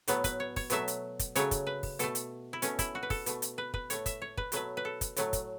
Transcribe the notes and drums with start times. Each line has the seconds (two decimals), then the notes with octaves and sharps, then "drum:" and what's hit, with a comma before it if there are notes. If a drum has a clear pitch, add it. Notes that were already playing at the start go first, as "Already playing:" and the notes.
0.08 A2 F#3 A3 B3, drum: hi-hat
0.24 B4, drum: kick, hi-hat
0.40 C#5
0.56 C#5, drum: kick, open hi-hat
0.70 B2 F#3 A3 E5, drum: hi-hat
0.88 drum: hi-hat
1.19 drum: kick, hi-hat
1.35 C#3 F#3 A3 C#5, drum: hi-hat
1.51 drum: kick, hi-hat
1.67 B4
1.83 drum: kick, open hi-hat
1.99 B2 A3 A4, drum: hi-hat
2.15 drum: hi-hat
2.53 E4
2.62 B2 A3 C#4, drum: hi-hat
2.79 E4, drum: kick, hi-hat
2.95 F#4
3.03 B4
3.10 A4, drum: kick, open hi-hat
3.26 B2 A3, drum: hi-hat
3.42 drum: hi-hat
3.58 B4
3.74 B4, drum: kick
3.90 A2 A3 C#5, drum: hi-hat
4.06 E5, drum: kick, hi-hat
4.22 C#5
4.37 B4, drum: kick
4.52 B2 F#3 A3 B4, drum: hi-hat
4.77 B4
4.85 A4
5.01 drum: kick, hi-hat
5.16 A2 F#3 A3, drum: hi-hat
5.33 drum: kick, hi-hat